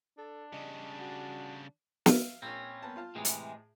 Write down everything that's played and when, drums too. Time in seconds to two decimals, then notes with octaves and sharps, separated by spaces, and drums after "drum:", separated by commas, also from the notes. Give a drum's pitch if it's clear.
0.18 D4 A4
0.52 C#3 G3 D#5
0.99 F#4
2.06 E5 F5, drum: snare
2.42 A#1 C4 C#4
2.82 A#3 B3 A5
2.96 F4 F5 A5
3.15 A2 C3 E3 G#3 G#4
3.25 drum: hi-hat